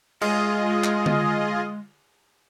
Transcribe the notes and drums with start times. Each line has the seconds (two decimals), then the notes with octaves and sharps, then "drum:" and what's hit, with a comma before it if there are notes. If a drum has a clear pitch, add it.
0.22 G#3 F4 G#4 D#5, drum: cymbal
0.84 drum: clap
1.06 drum: tom D3